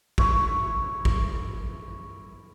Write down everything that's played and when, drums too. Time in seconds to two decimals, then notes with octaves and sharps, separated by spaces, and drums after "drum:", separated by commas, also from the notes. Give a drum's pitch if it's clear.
0.18 E4 C#5 B5 C#6, drum: kick
1.05 drum: kick